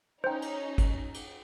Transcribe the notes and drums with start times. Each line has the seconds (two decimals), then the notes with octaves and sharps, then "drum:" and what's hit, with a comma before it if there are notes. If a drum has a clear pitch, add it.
0.24 C#4 D#4 C5 G5
0.42 drum: cymbal
0.78 drum: kick, cymbal
1.14 drum: cymbal